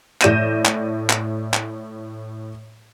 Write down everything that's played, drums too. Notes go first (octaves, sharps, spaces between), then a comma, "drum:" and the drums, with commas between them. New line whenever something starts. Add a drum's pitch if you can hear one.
A2 D5 G6 A#6 D#7 E7, drum: clap
drum: clap
drum: clap
drum: clap